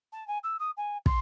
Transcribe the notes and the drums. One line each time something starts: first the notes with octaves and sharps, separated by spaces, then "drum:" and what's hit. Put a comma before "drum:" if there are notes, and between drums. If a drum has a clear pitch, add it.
A5
G#5
E6
D#6
G#5
C6, drum: kick